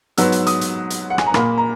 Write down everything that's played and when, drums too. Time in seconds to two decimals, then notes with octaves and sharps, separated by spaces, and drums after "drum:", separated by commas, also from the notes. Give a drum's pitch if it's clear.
0.17 G#2 F#3 B3 E6, drum: hi-hat
0.32 drum: hi-hat
0.47 D#6, drum: hi-hat
0.61 drum: hi-hat
0.90 drum: hi-hat
1.10 F#5
1.18 G#5, drum: rim click
1.26 A#5
1.34 A#2 A#3 B5, drum: rim click
1.58 A#5